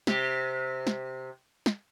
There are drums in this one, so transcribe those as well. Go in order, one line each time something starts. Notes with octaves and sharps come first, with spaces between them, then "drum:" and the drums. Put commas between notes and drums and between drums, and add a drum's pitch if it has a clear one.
C3 G4, drum: snare
drum: snare
drum: snare